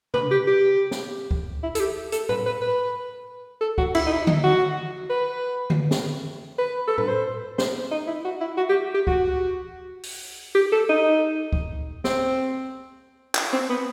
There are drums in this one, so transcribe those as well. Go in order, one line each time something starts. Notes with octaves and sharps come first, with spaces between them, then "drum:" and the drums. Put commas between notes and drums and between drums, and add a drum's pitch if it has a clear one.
B4, drum: tom
G4
G4
drum: snare
drum: kick C#2
E4
A4, drum: hi-hat
G4
A4, drum: hi-hat
B4, drum: tom A2
B4
B4
A4
F#4, drum: kick C#2
E4, drum: cymbal
D#4
E4
D#4, drum: tom D3
F#4
B4
drum: tom D3
drum: snare
B4
A4
B4, drum: tom A2
C5
C5, drum: snare
D#4
E4
F#4
E4
F#4
G4
G4
F#4, drum: kick C#2
drum: open hi-hat
G4
A4
D#4
drum: kick C#2
C4, drum: snare
drum: clap
C4
B3